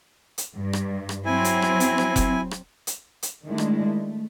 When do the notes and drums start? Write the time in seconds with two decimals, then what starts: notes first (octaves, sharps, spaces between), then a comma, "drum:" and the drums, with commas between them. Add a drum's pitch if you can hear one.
0.38 drum: hi-hat
0.55 G2
0.73 drum: rim click
1.09 drum: rim click
1.26 F#3 C4 E4 G#5
1.44 drum: hi-hat
1.62 drum: rim click
1.80 drum: hi-hat
1.98 drum: rim click
2.16 drum: kick F1, hi-hat
2.51 drum: rim click
2.87 drum: hi-hat
3.23 drum: hi-hat
3.45 D#3 G#3 A3 D4 E4
3.58 drum: rim click
3.87 A3